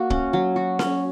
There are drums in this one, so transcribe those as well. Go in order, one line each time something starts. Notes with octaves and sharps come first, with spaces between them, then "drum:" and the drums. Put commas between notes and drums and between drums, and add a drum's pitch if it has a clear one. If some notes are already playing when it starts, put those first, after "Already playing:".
Already playing: A#3 F#4
C#4, drum: kick
F#3
F#4
C#4, drum: snare C#4